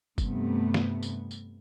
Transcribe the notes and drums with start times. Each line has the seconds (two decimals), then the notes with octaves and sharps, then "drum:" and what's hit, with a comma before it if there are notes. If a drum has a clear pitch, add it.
0.18 G2 C3 A3 B3, drum: kick, tambourine
0.74 drum: snare
1.03 drum: tambourine
1.31 drum: tambourine